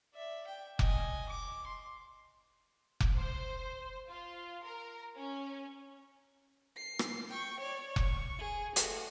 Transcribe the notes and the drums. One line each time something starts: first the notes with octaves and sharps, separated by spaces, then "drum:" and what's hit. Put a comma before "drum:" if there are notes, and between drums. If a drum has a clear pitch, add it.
D5 E5
G5
D#5 G#5, drum: kick F1
D6
C6
drum: kick F1
C5
F4
A#4
C#4
C7
drum: rim click
G5 C#6
C#5 D5
C#6, drum: kick F1
G#4
A3 F#4, drum: hi-hat